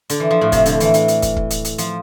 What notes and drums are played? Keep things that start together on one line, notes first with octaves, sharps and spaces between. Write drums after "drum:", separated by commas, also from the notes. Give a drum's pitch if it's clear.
D3, drum: hi-hat
E3
F3
A2
C3, drum: kick, hi-hat
D3, drum: hi-hat
E3, drum: hi-hat
E3, drum: hi-hat
drum: hi-hat
drum: kick, hi-hat
drum: kick
drum: hi-hat
drum: hi-hat
F3, drum: hi-hat